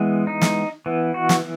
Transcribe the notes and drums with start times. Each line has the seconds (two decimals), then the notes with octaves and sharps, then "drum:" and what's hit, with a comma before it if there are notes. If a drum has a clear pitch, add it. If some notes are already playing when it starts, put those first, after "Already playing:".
Already playing: E3 G#3 B3
0.27 D#4
0.42 drum: snare
0.86 E3 B3
1.14 F#4
1.29 drum: snare